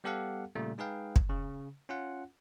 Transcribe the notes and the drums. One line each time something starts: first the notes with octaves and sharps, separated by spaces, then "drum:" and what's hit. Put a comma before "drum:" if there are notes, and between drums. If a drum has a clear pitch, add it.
G3 B3 G4 A4 F5 F#5
A#2 C#3 G3 A3
G#3 D#4 G#4 B4 F5 G5
drum: kick
C#3
C#4 F4 F#5